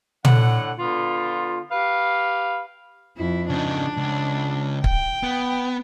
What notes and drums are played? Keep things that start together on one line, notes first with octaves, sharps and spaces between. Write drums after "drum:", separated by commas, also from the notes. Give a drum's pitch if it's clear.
A2 D3 F#5, drum: tom
D3 B3 F4
G4 B4 F5
F2 E4
C#3 D4 D#4
C#2
G5, drum: kick
B3